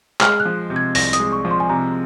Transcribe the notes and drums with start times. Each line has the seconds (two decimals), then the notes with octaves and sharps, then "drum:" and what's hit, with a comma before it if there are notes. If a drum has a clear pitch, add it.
0.21 G#3 F6, drum: clap
0.40 F#6
0.45 F3
0.70 C3
0.76 G#6
0.95 C2 A#6, drum: open hi-hat
1.13 D#6, drum: hi-hat
1.20 G#3
1.33 C#6
1.45 F3
1.51 C6
1.60 G#5
1.69 C3 A#5